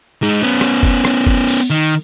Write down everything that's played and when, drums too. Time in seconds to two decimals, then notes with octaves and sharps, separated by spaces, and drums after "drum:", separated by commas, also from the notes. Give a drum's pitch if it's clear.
0.23 G#3 D#4
0.43 B3 C#4
0.61 drum: rim click
0.83 drum: kick F#1
1.05 drum: rim click
1.27 drum: kick F#1
1.48 drum: open hi-hat
1.70 D#3